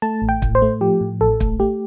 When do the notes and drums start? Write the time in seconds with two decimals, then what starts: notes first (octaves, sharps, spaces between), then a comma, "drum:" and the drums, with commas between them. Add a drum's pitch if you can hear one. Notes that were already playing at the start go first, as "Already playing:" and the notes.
0.02 A3 A5
0.22 A1
0.29 G5
0.42 A2, drum: kick
0.55 C5
0.62 A3
0.81 F3 G4
1.01 A2
1.21 A1 A4
1.40 A3, drum: kick
1.60 A3 G4